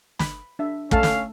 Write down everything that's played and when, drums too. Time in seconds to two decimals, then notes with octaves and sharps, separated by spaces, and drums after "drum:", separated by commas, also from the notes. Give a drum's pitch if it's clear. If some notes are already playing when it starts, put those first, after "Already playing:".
0.19 B5, drum: snare
0.59 D4 E5
0.91 A3 C#4 A4 F5 A5, drum: kick
1.03 drum: snare